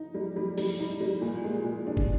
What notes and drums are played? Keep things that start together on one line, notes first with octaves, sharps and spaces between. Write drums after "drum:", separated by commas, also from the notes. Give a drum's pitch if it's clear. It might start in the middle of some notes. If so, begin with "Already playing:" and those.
Already playing: D#4
G3
G3
G3, drum: cymbal
D#4
G3
A#2
G#3
A#2
D4
drum: kick